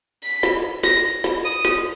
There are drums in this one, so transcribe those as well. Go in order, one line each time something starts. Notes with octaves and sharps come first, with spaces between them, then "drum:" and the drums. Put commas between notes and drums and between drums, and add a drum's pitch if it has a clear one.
B6
drum: snare
A#6, drum: snare
drum: snare
D#6
drum: snare